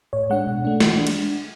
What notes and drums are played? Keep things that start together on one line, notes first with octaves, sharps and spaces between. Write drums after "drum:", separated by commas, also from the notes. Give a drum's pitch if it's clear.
A2 C#5
G#3 D4 F#5
B2
A3 D4
E3, drum: snare
G#3 D4
drum: cymbal